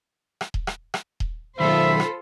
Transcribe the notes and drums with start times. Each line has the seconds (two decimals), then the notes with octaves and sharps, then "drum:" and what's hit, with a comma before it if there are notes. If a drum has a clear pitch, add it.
0.41 drum: rim click
0.54 drum: kick D#1
0.67 drum: rim click
0.94 drum: rim click
1.20 drum: kick D#1
1.60 B1 D#3 F4 A4 C5 E5 B5
2.00 drum: rim click